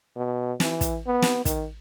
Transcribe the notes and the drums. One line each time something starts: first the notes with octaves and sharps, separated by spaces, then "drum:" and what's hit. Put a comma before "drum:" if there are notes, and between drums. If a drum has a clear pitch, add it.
B2
E3, drum: snare
drum: kick, hi-hat
B3
drum: snare
D#3, drum: kick, hi-hat